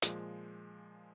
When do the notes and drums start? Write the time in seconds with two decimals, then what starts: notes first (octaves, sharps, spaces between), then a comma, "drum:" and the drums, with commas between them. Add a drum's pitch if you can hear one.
0.02 A#2 F3 G#3, drum: hi-hat